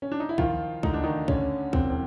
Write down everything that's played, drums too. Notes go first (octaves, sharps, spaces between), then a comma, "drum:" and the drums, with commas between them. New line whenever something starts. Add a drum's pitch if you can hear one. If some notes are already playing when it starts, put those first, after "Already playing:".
C#4
D4
D#4
E4
D#3 F3 F4, drum: kick
D2 D#4, drum: kick
D4
D#3 D#4
D3 C#4, drum: kick
E1 C4, drum: kick
C4